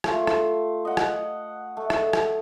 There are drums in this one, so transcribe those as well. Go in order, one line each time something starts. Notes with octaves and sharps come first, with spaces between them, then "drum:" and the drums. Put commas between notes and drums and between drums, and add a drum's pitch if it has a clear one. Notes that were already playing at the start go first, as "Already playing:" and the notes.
A3 F4, drum: rim click
drum: rim click
D#5 F#5
drum: rim click
A3
drum: rim click
drum: rim click